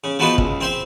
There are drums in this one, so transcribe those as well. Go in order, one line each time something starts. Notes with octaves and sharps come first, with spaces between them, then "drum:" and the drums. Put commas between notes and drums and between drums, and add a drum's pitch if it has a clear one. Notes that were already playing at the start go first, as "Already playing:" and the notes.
C#3
F3 B3 D#4 F4 F#4 B4
C#2, drum: kick
C4 C5 E5